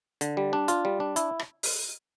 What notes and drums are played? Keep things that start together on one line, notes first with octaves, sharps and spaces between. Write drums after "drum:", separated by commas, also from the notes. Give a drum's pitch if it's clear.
D3, drum: hi-hat
G3
D4
F4, drum: hi-hat
G3
D4
E4, drum: hi-hat
drum: rim click
drum: open hi-hat